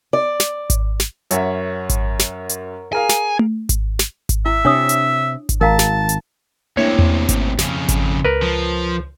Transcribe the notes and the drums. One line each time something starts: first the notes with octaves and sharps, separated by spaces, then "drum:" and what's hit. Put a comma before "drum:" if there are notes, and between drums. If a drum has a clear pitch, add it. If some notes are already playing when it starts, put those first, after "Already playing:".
D5
drum: snare
drum: kick G#1, hi-hat
drum: snare
F#2 A#4 C#5 E5 F#5, drum: hi-hat
drum: kick G#1, hi-hat
drum: snare
drum: hi-hat
G#4 A#4 F5 G#5
drum: snare
drum: tom A3
drum: kick G#1, hi-hat
drum: snare
drum: kick G#1, hi-hat
E4 E5
C3 D4 C#5 D#6
drum: hi-hat
drum: kick G#1, hi-hat
G#1 A#4 F5 A5 A#5
drum: snare
drum: hi-hat
D2 C3 A#3 D4 E4 C#5
drum: tom E2
drum: kick G#1, hi-hat
F2 C#3, drum: snare
drum: kick G#1, hi-hat
C#2 A#4 B4
F3